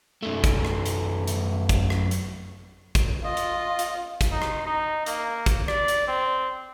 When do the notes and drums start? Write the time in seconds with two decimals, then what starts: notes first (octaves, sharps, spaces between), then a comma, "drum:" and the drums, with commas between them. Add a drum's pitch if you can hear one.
0.23 F#2 A3
0.44 drum: kick, hi-hat
0.65 drum: rim click
0.86 drum: hi-hat
1.28 drum: hi-hat
1.69 drum: kick, hi-hat
1.90 drum: rim click
2.11 drum: hi-hat
2.95 drum: kick, hi-hat
3.24 F4 D#5
3.37 drum: hi-hat
3.79 drum: hi-hat
4.21 drum: kick, hi-hat
4.32 D#4
4.42 drum: rim click
4.66 D#4
5.06 A#3, drum: hi-hat
5.46 drum: kick, hi-hat
5.68 D5, drum: rim click
5.88 drum: hi-hat
6.08 C4